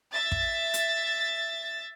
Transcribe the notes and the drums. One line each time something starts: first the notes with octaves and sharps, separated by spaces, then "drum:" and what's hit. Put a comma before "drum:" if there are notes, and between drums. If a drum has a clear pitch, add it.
E5 A6
drum: kick
drum: hi-hat